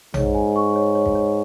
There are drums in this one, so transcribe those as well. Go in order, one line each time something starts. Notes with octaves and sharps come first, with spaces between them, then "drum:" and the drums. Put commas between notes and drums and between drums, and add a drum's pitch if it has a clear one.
G#2 C#5, drum: tom A#1
G#5
C#6
C#5
C#5
drum: kick
C#5